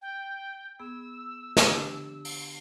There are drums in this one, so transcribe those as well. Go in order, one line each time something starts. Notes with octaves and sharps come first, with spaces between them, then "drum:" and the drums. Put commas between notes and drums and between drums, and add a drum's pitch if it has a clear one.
G5
B3 G#4 E6
D3 D4 G4, drum: snare
drum: open hi-hat